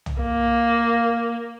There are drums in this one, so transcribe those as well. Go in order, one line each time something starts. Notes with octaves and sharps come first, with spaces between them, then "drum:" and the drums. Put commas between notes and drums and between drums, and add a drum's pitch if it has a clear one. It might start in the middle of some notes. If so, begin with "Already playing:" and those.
drum: tom
A#3